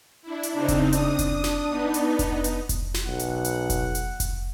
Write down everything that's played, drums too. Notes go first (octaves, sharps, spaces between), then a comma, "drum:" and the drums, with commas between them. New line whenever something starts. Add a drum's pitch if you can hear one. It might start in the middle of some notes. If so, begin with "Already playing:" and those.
D4 E4
drum: hi-hat
C#3 C4 D4 D#4
drum: kick F1, hi-hat
D4 D#6, drum: hi-hat
drum: kick F1, hi-hat
drum: snare
B3 D#4
drum: hi-hat
drum: kick F1, hi-hat
drum: hi-hat
drum: kick F1, hi-hat
drum: snare
B1 F#5
drum: hi-hat
drum: hi-hat
drum: kick F1, hi-hat
drum: hi-hat
drum: kick F1, hi-hat